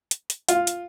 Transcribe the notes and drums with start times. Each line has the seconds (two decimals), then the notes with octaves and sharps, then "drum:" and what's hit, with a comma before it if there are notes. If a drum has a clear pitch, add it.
0.11 drum: hi-hat
0.30 drum: hi-hat
0.49 F4, drum: hi-hat
0.67 drum: hi-hat